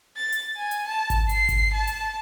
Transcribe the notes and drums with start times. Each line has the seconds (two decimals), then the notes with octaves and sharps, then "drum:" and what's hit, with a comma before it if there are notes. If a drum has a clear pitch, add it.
0.17 A6
0.32 drum: hi-hat
0.56 G#5
0.71 drum: hi-hat
0.87 A5
1.10 drum: kick G#1, hi-hat
1.29 C7, drum: hi-hat
1.49 drum: kick G#1, hi-hat
1.73 A5
1.87 drum: hi-hat